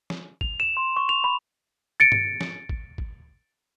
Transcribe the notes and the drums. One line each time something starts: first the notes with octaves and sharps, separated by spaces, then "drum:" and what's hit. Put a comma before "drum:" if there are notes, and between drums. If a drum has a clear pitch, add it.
drum: snare
F7, drum: kick
E7
C6
C#6
F7
B5
A6 C#7 D7
drum: tom G2
drum: snare
drum: kick
drum: kick